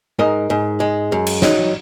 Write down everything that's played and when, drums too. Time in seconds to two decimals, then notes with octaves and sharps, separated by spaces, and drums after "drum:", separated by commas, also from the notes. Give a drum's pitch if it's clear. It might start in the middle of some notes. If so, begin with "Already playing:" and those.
0.19 G#2 A#4 D#5
0.50 G#2
0.80 G#3
1.12 F#2
1.27 drum: cymbal
1.42 F#3 D#4, drum: snare